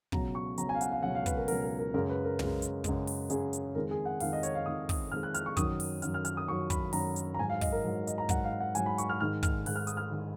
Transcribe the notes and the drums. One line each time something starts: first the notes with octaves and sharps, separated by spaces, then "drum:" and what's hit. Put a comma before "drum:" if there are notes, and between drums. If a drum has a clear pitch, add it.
C#2 B2 F#3 A#5, drum: kick
C#6
C#2 B2 F#3 A#5, drum: hi-hat
G#5
F5
F#5, drum: hi-hat
F5
C#2 B2 F#3 F#5
F5
B4, drum: kick, hi-hat
A#4
C#2 B2 F#3 A#4, drum: open hi-hat
A#4
A#4
F#2 C#3 G#3 A#4
B4
A#4
F#2 C#3 G#3, drum: tom
drum: hi-hat
F#2 C#3 G#3, drum: kick, hi-hat
drum: open hi-hat
F#2 C#3 G#3 G#4, drum: hi-hat
drum: hi-hat
F2 D#3 G#3 A#4
G#4
F#5
F2 D#3 G#3 F5, drum: open hi-hat
D#5
C#5, drum: hi-hat
F5
F2 D#3 G#3 D#6
D#6, drum: kick, open hi-hat
F2 D#3 G#3 F6
F#6
F6, drum: hi-hat
C#6
F#2 D#3 F#3 D#6, drum: kick, hi-hat
drum: open hi-hat
F#2 D#3 F#3 F6, drum: hi-hat
F6
F6, drum: hi-hat
D#6
F#2 D#3 F#3 C#6
B5, drum: kick, hi-hat
F#2 D#3 F#3 A#5, drum: open hi-hat
drum: hi-hat
A#5
G#2 F#3 G#5
F5
D#5, drum: kick, open hi-hat
A#4
G#2 F#3
D#5, drum: hi-hat
A#5
G#2 F#3 F#5, drum: kick, hi-hat
F5
F#5
G#2 F#3 G#5, drum: hi-hat
B5
C#6, drum: hi-hat
F6
G#2 D#3 G#3 F6
F6, drum: kick, hi-hat
G#2 D#3 G#3 F#6, drum: open hi-hat
F6
D#6, drum: hi-hat
F6
D#3 G#3